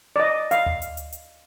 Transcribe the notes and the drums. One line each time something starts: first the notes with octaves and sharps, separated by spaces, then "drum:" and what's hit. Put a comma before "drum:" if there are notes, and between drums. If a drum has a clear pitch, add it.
D5
D#5
F5, drum: hi-hat
drum: tom D2
drum: hi-hat
drum: hi-hat
drum: hi-hat